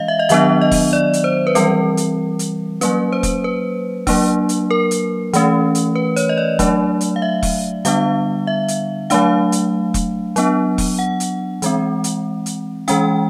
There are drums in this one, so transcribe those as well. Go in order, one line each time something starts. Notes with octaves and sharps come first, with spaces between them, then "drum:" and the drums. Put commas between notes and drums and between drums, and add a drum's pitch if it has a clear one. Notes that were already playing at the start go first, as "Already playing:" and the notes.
Already playing: E3 G#3 C#4 D#5 F5
E5
D#5
D#3 F#3 B3 D4 E5, drum: hi-hat
D#5
drum: kick E1, open hi-hat
D5
drum: hi-hat
C5
B4
E3 G3 C4 A#4, drum: hi-hat
drum: hi-hat
drum: hi-hat
F#3 A#3 C#4 B4, drum: hi-hat
C5
drum: kick E1, hi-hat
B4
F#3 A#3 D4, drum: kick E1, open hi-hat
drum: hi-hat
A#4
drum: hi-hat
E3 A3 C#4, drum: hi-hat
drum: hi-hat
B4
C#5, drum: hi-hat
D#5
D5
F#3 A3 D4, drum: kick E1, hi-hat
drum: hi-hat
F5
E5
drum: kick E1, open hi-hat
D3 G3 B3 D4 F5, drum: hi-hat
E5
drum: hi-hat
F#3 A3 D4 F5, drum: hi-hat
drum: hi-hat
drum: kick E1, hi-hat
F#3 B3 D4, drum: hi-hat
drum: kick E1, open hi-hat
F#5
drum: hi-hat
E3 G#3 C4, drum: hi-hat
drum: hi-hat
drum: hi-hat
E3 G#3 C#4 G5, drum: hi-hat